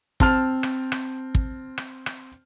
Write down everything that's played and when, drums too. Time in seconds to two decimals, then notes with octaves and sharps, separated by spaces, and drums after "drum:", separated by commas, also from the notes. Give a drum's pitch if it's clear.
0.20 C4 A5 F6, drum: kick
0.63 drum: rim click
0.92 drum: rim click
1.35 drum: kick
1.78 drum: rim click
2.06 drum: rim click